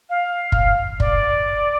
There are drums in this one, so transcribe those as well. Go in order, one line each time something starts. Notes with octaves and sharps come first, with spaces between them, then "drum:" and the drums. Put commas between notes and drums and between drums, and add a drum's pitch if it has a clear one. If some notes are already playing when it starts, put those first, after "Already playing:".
F5
drum: kick
D5, drum: kick